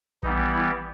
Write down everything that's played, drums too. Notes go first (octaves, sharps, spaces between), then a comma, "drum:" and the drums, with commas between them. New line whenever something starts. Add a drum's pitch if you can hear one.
E3 G3 B3 D#4, drum: kick A#1
E4